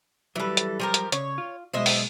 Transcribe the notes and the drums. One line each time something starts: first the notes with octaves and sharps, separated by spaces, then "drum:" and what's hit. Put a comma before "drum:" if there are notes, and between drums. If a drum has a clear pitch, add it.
E3 F#3 G3 A4 B4
drum: hi-hat
F3 G4 A#4
drum: hi-hat
C#3 C#5, drum: hi-hat
F4
B1 B2 G#3 C5 D#5 E5
drum: open hi-hat